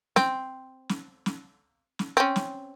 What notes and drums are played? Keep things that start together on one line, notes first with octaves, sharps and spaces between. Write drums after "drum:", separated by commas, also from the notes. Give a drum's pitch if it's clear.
C4, drum: snare
drum: snare
drum: snare
drum: snare
C4 C#4
drum: snare